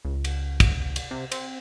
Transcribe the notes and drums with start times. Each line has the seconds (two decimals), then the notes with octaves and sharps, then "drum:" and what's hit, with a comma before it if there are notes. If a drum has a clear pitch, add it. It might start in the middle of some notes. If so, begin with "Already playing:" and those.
0.05 C#2
0.24 drum: cymbal
0.60 drum: kick, cymbal
0.96 drum: cymbal
1.11 C3
1.32 C4, drum: cymbal